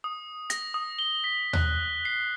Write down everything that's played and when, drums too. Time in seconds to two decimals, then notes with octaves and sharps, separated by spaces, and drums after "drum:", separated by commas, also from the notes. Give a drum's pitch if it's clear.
0.04 D#6
0.50 A#6, drum: hi-hat
0.74 D#6
0.99 G7
1.24 B6
1.53 F#6, drum: tom D#2
2.05 C7